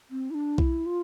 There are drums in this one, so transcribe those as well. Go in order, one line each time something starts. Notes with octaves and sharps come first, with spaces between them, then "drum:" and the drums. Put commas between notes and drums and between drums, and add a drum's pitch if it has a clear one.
C4
E4
D4
E4, drum: kick B1
F4